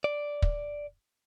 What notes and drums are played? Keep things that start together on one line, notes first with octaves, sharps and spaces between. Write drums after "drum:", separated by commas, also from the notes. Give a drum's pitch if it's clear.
D5
drum: kick